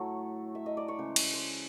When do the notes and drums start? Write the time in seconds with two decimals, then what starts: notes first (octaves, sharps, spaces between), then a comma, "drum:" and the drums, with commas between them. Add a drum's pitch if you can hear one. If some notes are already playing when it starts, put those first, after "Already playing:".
Already playing: A2 F#3 A3 C#5
0.55 E5
0.66 D#5
0.77 D5
0.88 C#5
0.99 C#3 E3 G#3 C5
1.16 drum: cymbal
1.33 C5